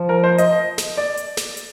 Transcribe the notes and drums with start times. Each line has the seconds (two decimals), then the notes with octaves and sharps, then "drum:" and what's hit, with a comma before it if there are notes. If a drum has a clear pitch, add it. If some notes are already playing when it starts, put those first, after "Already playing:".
Already playing: F3
0.09 A#4
0.24 C5
0.38 D#5, drum: hi-hat
0.78 drum: snare
0.97 D5
1.17 drum: hi-hat
1.37 drum: snare
1.57 drum: hi-hat